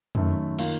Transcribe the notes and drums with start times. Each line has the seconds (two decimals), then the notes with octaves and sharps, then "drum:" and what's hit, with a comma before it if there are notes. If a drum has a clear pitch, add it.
0.15 F#2 D#3 A3, drum: tom F2
0.59 D#3 A#3 F4, drum: cymbal